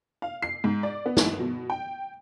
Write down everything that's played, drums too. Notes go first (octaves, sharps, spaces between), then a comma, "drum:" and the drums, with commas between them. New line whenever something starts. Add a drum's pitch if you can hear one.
F5
C7
G#2
D5
B3
drum: snare
B2
G5